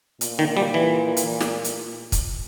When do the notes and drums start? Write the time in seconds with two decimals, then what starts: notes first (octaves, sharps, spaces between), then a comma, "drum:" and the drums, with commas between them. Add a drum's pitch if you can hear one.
0.21 A#2, drum: hi-hat
0.39 D#3
0.57 G3
0.74 E3
1.17 drum: hi-hat
1.40 drum: snare
1.64 drum: hi-hat
2.12 drum: kick, hi-hat